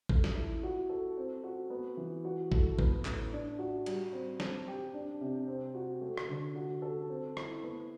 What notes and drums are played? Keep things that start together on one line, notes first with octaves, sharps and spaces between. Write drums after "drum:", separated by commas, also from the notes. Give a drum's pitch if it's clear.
A3, drum: kick
drum: snare
E4
F#4
A4
C4
F#4
B3
E3
F#4
A4, drum: kick
B3, drum: kick
A2, drum: clap
D4
F#4
G3, drum: cymbal
C4
C4, drum: snare
G4
D4
C3
C4
F#4
A3
drum: rim click
D3
F#4
A4
C4
E4, drum: rim click
B3